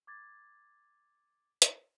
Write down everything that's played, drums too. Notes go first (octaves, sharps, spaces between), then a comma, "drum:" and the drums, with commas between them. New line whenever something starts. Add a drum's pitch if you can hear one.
D6 G#6 A6
drum: hi-hat